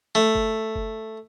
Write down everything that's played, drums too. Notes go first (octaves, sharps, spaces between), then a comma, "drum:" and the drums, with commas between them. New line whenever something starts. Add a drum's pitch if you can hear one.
A3, drum: snare
drum: kick F#1
drum: kick F#1